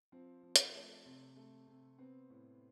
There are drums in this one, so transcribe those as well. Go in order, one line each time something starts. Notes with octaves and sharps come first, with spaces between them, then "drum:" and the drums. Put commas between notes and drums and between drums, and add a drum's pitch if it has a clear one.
F3 C4
F3
drum: hi-hat
A3
C3
A3
C3
B3 C4
A2